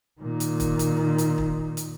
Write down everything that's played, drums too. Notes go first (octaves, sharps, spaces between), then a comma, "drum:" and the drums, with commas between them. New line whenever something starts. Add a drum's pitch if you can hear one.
A#2 D#3
drum: hi-hat
drum: kick, hi-hat
drum: hi-hat
drum: hi-hat
drum: kick
drum: hi-hat